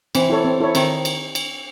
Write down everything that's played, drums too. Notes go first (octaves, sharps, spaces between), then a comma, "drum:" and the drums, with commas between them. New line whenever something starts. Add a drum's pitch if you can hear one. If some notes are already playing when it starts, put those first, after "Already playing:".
E3 C4, drum: cymbal
E4 A4 C#5
C4
E4 A4 C#5
D#3 C4, drum: cymbal
drum: cymbal
drum: cymbal